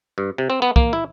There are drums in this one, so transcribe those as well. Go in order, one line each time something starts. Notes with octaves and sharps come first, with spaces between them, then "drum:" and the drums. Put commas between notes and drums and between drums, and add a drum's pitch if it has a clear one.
G2
C3
C4
B3
A#3, drum: kick
E4